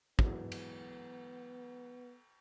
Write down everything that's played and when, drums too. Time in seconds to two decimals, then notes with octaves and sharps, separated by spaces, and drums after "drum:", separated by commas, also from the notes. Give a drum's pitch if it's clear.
0.19 E3 F#3 G#3 B3, drum: kick
0.52 drum: cymbal